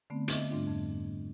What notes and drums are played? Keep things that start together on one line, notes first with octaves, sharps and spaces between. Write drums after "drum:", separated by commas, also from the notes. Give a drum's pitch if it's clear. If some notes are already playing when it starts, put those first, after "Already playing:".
D3 A3 B3 C4
D#5 E5 D6, drum: hi-hat
G#2 G3 A3 D4 F4
F2